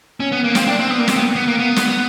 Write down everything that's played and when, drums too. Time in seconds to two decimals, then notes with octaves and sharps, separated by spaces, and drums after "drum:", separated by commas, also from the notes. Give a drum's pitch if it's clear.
0.20 C#4
0.32 B3
0.44 A#3
0.55 C4, drum: snare
0.67 D4
0.79 C4
0.90 B3
0.99 A#3
1.08 C4, drum: snare
1.16 B3
1.35 B3
1.47 A#3
1.59 B3
1.76 drum: snare